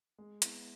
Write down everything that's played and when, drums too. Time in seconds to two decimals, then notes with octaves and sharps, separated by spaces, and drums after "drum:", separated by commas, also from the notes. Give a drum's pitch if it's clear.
0.18 G#3
0.42 B3 E4, drum: hi-hat